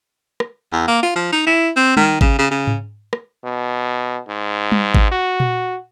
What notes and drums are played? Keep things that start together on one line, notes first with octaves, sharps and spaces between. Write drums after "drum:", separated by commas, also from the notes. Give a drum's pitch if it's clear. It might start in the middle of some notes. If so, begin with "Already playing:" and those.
drum: rim click
E2
A#3
F4
F3
D#4
E4
C4
D#3, drum: tom G3
C#3, drum: kick G#1
C#3
C#3
drum: tom G#2
drum: rim click
B2
G#2
drum: tom G3
drum: kick G#1
F#4
drum: tom A#2